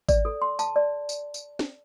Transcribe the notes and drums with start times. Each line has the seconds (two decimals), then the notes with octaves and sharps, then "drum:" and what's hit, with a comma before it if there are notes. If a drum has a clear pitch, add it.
0.09 D5, drum: kick G#1, tambourine
0.25 A4
0.42 C6
0.59 A5, drum: tambourine
0.76 D5
1.09 drum: tambourine
1.34 drum: tambourine
1.59 drum: snare